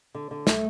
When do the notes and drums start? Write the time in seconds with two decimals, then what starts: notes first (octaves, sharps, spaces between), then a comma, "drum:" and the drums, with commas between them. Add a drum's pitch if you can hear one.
0.15 D3
0.31 D3
0.47 A3, drum: snare